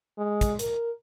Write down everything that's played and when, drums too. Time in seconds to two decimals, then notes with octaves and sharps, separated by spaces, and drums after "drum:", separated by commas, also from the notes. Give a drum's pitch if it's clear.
0.18 G#3
0.41 drum: kick, hi-hat
0.59 A#4, drum: hi-hat